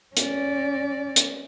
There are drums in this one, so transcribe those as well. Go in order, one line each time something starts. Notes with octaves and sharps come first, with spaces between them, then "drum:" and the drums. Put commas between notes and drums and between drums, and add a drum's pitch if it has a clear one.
C#4 D5, drum: hi-hat
drum: hi-hat